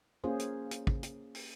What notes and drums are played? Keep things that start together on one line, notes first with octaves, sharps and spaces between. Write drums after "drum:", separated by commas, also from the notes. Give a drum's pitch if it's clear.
A#3 C#4 F4 G#4 C5
drum: hi-hat
drum: hi-hat
drum: kick
drum: hi-hat
drum: open hi-hat